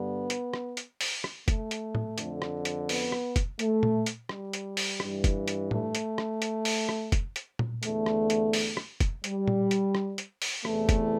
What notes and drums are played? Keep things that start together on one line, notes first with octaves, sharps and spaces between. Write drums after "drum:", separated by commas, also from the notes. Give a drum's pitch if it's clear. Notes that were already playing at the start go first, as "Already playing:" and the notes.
Already playing: G2 D3 B3
drum: hi-hat
drum: rim click
drum: hi-hat
drum: open hi-hat
drum: rim click
A3, drum: kick, hi-hat
drum: hi-hat
drum: tom
F2 D3, drum: hi-hat
drum: rim click
drum: hi-hat
B3, drum: open hi-hat
drum: rim click
drum: kick, hi-hat
A3, drum: hi-hat
drum: tom A#2
drum: hi-hat
G3, drum: rim click
drum: hi-hat
drum: open hi-hat
G2 E3, drum: rim click
drum: kick, hi-hat
drum: hi-hat
A3, drum: tom
drum: hi-hat
drum: rim click
drum: hi-hat
drum: open hi-hat
drum: rim click
drum: kick, hi-hat
drum: hi-hat
drum: tom A#2
E2 D3 A3, drum: hi-hat
drum: rim click
drum: hi-hat
drum: open hi-hat
drum: rim click
drum: kick, hi-hat
G3, drum: hi-hat
drum: tom A#2
drum: hi-hat
drum: rim click
drum: hi-hat
drum: open hi-hat
E2 C3 E3 A3, drum: rim click
drum: kick, hi-hat